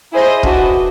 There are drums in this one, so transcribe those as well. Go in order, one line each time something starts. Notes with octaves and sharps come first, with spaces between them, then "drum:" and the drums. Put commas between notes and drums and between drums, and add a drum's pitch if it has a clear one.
E4 G#4 C5 D#5
D4 F#4 B4, drum: kick